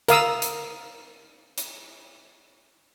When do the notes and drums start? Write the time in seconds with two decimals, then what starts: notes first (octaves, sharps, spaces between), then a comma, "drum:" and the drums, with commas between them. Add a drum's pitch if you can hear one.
0.08 A#4 F5 D#6 E6, drum: hi-hat
0.42 drum: hi-hat
1.58 drum: hi-hat